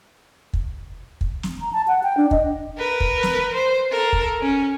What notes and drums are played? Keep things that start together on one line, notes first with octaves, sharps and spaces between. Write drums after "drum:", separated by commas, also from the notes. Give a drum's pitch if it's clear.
drum: kick
drum: kick
drum: snare
A#5
A5
F#5
G5
D4
D#5, drum: kick
A#4 B4
drum: kick
drum: snare
C5
A4 A#4
drum: kick
C#4